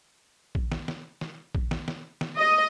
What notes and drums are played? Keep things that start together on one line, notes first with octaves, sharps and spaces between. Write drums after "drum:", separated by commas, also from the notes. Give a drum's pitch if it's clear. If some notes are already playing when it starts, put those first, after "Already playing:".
drum: kick
drum: snare
drum: snare
drum: snare
drum: kick
drum: snare
drum: snare
drum: snare
D#5